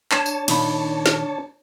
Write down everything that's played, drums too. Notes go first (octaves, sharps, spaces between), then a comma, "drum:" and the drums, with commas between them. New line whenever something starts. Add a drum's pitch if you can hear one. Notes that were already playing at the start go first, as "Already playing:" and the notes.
D4 C#5 A5, drum: clap
drum: tambourine
A#2 D#3 B5, drum: cymbal
drum: snare